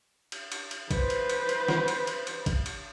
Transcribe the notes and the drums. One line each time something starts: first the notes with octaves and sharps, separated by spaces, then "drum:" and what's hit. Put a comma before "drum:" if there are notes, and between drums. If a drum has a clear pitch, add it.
drum: cymbal
drum: cymbal
drum: cymbal
B4 C5, drum: kick, cymbal
drum: cymbal
drum: cymbal
drum: cymbal
drum: snare
drum: cymbal
drum: cymbal
drum: cymbal
drum: kick, cymbal
drum: cymbal